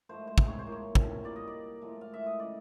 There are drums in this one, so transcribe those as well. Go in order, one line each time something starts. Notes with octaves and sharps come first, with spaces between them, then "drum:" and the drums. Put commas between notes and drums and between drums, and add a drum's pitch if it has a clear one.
G#2 F3 A3 C5
C5
drum: kick
C#5
C5
A2 F3 A#3
C#5
drum: kick
A#2 G3 A#3 D5
D#5
D5
A2 F3 G#3
F5
E5
D#5
C#3 E3 D5